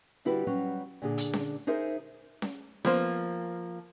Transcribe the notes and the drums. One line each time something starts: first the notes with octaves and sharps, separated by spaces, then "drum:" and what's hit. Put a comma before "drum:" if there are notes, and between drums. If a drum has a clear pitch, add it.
D3 G3 E4 F#4 B4
F#3 G3 C#4 F#4
A#2 D3 G#4
drum: hi-hat
drum: snare C#4
D#4 G#4 A#4 C5 E5
drum: snare C#4
F3 A#3 B3 C5, drum: snare C#4